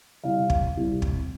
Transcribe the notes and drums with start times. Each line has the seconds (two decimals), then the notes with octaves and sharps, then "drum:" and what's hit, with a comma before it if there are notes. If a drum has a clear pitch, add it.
0.24 C3 G3 C4 E4 F5
0.50 drum: kick
0.76 C3 G3 C4 E4
1.02 drum: kick